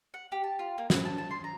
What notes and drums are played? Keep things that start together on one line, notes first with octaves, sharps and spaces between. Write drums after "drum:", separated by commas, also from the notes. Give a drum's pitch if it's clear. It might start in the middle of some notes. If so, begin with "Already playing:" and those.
F#5
G4
A5
F4
A#3
B4, drum: snare
A5
A5
C6
A#5